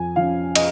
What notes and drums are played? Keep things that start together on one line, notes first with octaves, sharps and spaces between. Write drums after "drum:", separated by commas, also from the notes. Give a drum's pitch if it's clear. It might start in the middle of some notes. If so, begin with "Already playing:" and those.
Already playing: F2 G#5
F3 C#4 F5
D#5, drum: cymbal